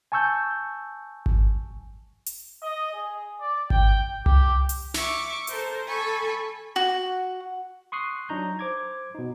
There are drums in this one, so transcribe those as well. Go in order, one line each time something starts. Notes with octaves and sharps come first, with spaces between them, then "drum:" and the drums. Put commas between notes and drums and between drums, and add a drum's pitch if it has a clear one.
G#5 A5 C#6 E6 G6
drum: kick G#1
drum: hi-hat
D#5
G#4
D5
G5, drum: kick G#1
G4, drum: tom C2
drum: hi-hat
E5 C#6 D6, drum: snare
A4 A#4 C5, drum: hi-hat
A4 G#5 B5 C#6
F#4
C6 C#6 D#6 F#6 C7
F#3 D4 D#4 A#5 G6
C5 D6 G#6
B2 D#4